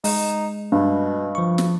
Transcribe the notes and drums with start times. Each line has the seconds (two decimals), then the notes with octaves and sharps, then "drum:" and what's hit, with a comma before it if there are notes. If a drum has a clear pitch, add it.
0.04 G#3 D#4, drum: open hi-hat
0.72 G2 B2
1.35 F3 C#6
1.58 drum: snare